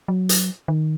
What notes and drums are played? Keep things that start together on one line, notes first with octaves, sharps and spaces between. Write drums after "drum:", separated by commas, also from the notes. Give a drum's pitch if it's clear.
F#3
drum: hi-hat
D#3